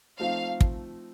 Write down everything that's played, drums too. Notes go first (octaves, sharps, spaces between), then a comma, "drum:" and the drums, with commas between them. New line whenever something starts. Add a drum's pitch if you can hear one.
F3 A3 C4 D#4 F5
drum: kick